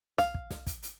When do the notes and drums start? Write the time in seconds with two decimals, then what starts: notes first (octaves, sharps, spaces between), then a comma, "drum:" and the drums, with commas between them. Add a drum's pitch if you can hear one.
0.18 F5, drum: snare
0.34 drum: kick
0.50 drum: snare
0.67 drum: kick, hi-hat
0.83 drum: hi-hat